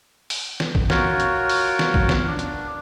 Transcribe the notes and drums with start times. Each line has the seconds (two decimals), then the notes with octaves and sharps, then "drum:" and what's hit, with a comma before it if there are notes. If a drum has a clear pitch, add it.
0.30 drum: open hi-hat
0.60 drum: snare
0.75 drum: kick
0.90 F4 F#4 A#4 C#5, drum: snare
1.20 drum: hi-hat
1.49 drum: open hi-hat
1.79 drum: snare
1.94 drum: kick
2.09 drum: snare
2.27 D4
2.39 drum: hi-hat